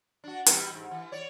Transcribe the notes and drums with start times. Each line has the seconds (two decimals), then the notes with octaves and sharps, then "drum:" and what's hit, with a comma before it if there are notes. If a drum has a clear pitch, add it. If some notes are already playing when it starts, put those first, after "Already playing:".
0.24 D4 F#4
0.46 B2 E3 G3, drum: hi-hat
0.74 G#2
0.91 E3
1.12 C#5 D5